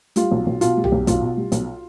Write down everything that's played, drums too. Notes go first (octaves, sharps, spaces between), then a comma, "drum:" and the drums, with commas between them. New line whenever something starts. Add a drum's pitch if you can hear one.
G3 F4, drum: hi-hat
B1
B1
B2 F4, drum: hi-hat
G3
G4, drum: tom B1
B1
B1 F4, drum: kick, hi-hat
B2
G3
B1, drum: hi-hat